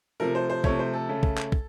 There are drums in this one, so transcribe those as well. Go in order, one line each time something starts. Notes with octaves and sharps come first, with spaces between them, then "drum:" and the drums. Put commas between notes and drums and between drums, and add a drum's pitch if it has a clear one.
C3 F3 A3 A#4
C5
C5
C3 F3 A3 C#5, drum: kick
C5
A4
C#3 A3
drum: kick
drum: clap
drum: kick